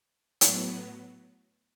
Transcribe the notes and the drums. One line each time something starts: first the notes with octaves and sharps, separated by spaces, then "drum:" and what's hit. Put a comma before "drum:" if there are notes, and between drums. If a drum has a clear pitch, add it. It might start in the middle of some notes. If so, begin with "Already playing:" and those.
A2 F#3 B3, drum: hi-hat